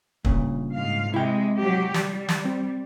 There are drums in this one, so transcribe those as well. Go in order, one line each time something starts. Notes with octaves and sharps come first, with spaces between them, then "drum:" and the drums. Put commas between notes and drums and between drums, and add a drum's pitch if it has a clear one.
G2 A#2 C#3, drum: kick
G#2 F5
C3 G#3 E4 G5
F#3 G4
G3, drum: snare
drum: snare
C4